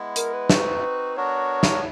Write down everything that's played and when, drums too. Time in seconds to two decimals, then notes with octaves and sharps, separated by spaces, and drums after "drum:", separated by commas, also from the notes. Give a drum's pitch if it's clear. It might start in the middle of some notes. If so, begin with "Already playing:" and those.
Already playing: G#3 B3 E4
0.16 A#4, drum: hi-hat
0.33 B4
0.50 C4 D#4 F#4, drum: snare
1.17 B3 D4 F#4 A#4 C#5
1.63 drum: snare